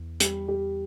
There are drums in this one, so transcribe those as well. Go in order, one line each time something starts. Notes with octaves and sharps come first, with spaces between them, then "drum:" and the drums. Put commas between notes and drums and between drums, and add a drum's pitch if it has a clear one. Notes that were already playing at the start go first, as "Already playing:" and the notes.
Already playing: E2
G3 G4, drum: hi-hat
G3 G4